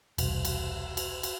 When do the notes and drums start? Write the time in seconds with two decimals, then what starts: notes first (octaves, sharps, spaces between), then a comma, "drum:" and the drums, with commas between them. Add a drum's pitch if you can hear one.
0.18 E1 C2, drum: cymbal
0.45 drum: cymbal
0.97 drum: cymbal
1.23 drum: cymbal